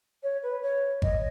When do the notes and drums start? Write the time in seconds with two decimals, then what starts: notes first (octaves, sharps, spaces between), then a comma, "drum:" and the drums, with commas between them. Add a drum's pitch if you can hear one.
0.23 C#5
0.42 B4
0.62 C#5
1.02 D#5, drum: kick G#1